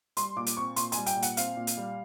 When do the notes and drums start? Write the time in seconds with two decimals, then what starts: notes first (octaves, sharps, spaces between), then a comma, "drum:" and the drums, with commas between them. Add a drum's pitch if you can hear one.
0.17 G3 C6, drum: hi-hat
0.36 A#2 D6
0.46 drum: hi-hat
0.57 C4 C#6
0.76 A#2 C6, drum: hi-hat
0.92 G#5, drum: hi-hat
0.97 G3
1.06 G5, drum: hi-hat
1.16 A#2
1.22 F#5, drum: hi-hat
1.37 C4 F5, drum: hi-hat
1.57 A#2
1.67 drum: hi-hat
1.77 G3